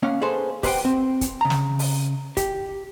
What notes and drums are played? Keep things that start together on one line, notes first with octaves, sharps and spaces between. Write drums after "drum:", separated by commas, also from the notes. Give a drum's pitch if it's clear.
A#3 C#4 F5 F#5
G#4 A4 B4 C5
G4 B4 C5 E5 F#5 G5, drum: kick, open hi-hat
C4
drum: kick, hi-hat
C#3 A#5
drum: snare
drum: open hi-hat
G4, drum: kick, hi-hat